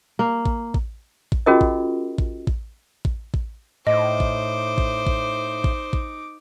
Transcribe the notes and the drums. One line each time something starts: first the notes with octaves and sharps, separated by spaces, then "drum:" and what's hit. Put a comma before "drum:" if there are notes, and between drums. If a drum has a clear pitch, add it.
A#3
drum: kick A1
drum: kick A1
drum: kick A1
C#4 F4 F#4 G#4 A#4 D#5
drum: kick A1
drum: kick A1
drum: kick A1
drum: kick A1
drum: kick A1
A2 D#4 C5 D#5 D6
drum: kick A1
drum: kick A1
drum: kick A1
drum: kick A1
drum: kick A1